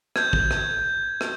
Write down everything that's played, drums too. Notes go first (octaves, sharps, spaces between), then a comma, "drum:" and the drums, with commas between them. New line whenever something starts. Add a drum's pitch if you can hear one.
G6 G#6, drum: rim click
drum: kick
drum: rim click
drum: rim click